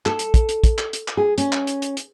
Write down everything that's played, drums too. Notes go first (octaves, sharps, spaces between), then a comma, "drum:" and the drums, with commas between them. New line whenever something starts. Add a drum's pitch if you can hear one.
A4, drum: clap
drum: hi-hat
drum: kick, hi-hat
drum: hi-hat
drum: kick, hi-hat
drum: clap
drum: hi-hat
drum: clap
G#4
C#4, drum: hi-hat
drum: clap
drum: hi-hat
drum: hi-hat
drum: hi-hat